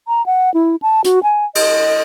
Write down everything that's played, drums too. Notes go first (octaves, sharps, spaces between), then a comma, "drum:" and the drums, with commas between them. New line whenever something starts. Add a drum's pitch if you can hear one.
A#5
F#5
E4
A5
F#4, drum: hi-hat
G#5
D#5, drum: cymbal